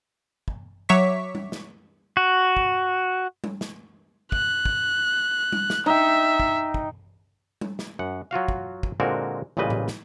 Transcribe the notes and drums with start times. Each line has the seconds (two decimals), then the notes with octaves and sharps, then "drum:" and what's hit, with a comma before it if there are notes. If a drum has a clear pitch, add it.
0.48 drum: kick
0.89 F#3 C#5 E5 C#6 D6 B6
1.35 drum: tom G3
1.52 drum: snare
2.17 F#4
2.57 drum: kick
3.44 drum: tom G3
3.61 drum: snare
4.32 F#6, drum: kick
4.65 drum: kick
5.53 drum: tom G3
5.70 drum: snare
5.86 D#4 E5 G5
6.40 drum: kick
6.74 drum: kick
7.61 drum: tom G3
7.79 drum: snare
7.99 F#2 F#5
8.31 F#3 F4 F#4 F5
8.48 drum: kick
8.83 drum: kick
9.00 A#2 D3 G#3 C4 F#4 A#4
9.57 A1 A#2 C#3 G3 B4 D#5
9.70 drum: tom A2
9.88 drum: snare